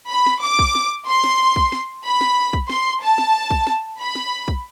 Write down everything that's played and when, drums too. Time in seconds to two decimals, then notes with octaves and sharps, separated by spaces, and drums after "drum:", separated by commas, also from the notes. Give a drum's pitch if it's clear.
0.10 B5
0.26 drum: snare
0.43 D6
0.59 drum: kick
0.75 drum: snare
1.07 C6
1.24 drum: snare
1.56 drum: kick
1.72 drum: snare
2.05 B5
2.21 drum: snare
2.53 drum: kick
2.70 C6, drum: snare
3.02 A5
3.18 drum: snare
3.51 drum: kick
3.67 drum: snare
3.99 B5
4.15 drum: snare
4.48 drum: kick